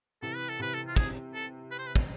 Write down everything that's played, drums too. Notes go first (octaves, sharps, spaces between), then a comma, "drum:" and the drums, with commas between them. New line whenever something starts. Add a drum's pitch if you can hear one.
C3 E3 A4
B4
A4
C3 E3 B4
A4
F4
G#4, drum: kick
A4
B4
C5
B4
drum: kick